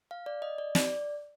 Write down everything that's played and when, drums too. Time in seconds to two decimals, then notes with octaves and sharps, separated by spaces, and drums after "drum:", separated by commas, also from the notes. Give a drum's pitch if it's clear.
0.11 F5
0.26 D5
0.42 D#5
0.58 D5
0.75 D5, drum: snare